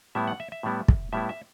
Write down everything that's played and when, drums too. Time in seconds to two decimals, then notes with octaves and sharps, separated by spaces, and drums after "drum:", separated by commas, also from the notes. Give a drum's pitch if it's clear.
0.15 A2 G3 B3 E4 E5
0.28 F#5
0.40 E5
0.52 E5
0.63 A2 G3 B3 E4
0.88 drum: kick
1.13 A2 G3 B3 E4 E5
1.29 E5